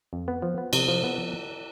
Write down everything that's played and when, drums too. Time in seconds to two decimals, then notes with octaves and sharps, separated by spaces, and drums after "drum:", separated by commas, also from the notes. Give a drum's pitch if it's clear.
0.13 F2
0.28 B3
0.42 F3
0.58 B3
0.73 C3, drum: cymbal
0.88 F3
1.04 B3